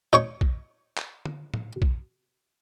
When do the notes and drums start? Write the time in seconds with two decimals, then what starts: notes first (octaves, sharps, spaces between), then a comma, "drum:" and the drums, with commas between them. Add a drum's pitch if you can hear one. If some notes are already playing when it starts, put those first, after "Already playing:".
0.13 D#4 C#5 C#6
0.41 drum: kick A#1
0.97 drum: clap
1.25 drum: tom D3
1.54 drum: tom A2
1.82 drum: kick A#1